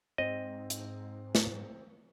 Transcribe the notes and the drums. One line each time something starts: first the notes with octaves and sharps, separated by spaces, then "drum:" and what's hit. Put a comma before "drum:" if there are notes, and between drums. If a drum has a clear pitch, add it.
G#2 C4 D#5
drum: hi-hat
drum: snare